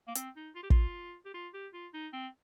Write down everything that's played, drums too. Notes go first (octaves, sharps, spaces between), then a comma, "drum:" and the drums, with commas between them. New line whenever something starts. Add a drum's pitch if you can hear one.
A#3
C4, drum: hi-hat
D#4
F4
G4
F4, drum: kick
G4
F4
G4
F4
D#4
C4